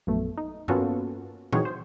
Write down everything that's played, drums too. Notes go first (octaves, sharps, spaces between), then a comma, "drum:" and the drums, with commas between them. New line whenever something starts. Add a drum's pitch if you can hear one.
A#1 F#2 B2 A3
D#4
A#3 B3 C#4 F4 F#4 A4, drum: tom G2
E3 C4 D#4 F#4 G#4 C#5, drum: tom A#2
C5